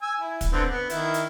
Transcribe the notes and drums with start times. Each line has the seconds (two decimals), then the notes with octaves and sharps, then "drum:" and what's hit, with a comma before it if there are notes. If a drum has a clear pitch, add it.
0.02 G#5 E6
0.20 E4
0.41 drum: kick, hi-hat
0.52 D3 B3 C4
0.69 B3
0.90 D#3 E4, drum: hi-hat
1.14 drum: hi-hat